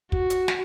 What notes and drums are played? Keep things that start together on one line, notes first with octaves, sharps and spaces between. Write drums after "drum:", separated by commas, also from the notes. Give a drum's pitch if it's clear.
F#4, drum: kick
drum: hi-hat
drum: snare